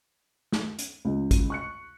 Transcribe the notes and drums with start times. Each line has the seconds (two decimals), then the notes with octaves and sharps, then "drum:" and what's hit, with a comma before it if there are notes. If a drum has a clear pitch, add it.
0.52 drum: snare
0.79 drum: hi-hat
1.05 C#2
1.31 drum: kick, hi-hat
1.50 C#6 F#6 C#7